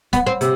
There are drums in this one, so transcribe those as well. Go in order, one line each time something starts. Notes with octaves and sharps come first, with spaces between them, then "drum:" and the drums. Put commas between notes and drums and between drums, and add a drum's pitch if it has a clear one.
B3, drum: kick, hi-hat
C4
C3, drum: hi-hat